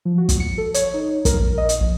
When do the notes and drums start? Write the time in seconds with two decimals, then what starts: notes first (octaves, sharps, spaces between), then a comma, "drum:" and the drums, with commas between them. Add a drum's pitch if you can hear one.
0.05 F3
0.18 F#4
0.29 drum: kick, hi-hat
0.40 C#7
0.58 A4
0.74 C#5, drum: hi-hat
0.94 D#4
1.25 A#4, drum: kick, hi-hat
1.40 A#1
1.58 D#5
1.69 drum: hi-hat
1.80 A#1